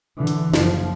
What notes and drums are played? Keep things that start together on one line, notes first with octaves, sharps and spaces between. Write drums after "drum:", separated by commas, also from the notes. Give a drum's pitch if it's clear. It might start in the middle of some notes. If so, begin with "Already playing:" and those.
D3 E3
drum: hi-hat
F#1 F3, drum: snare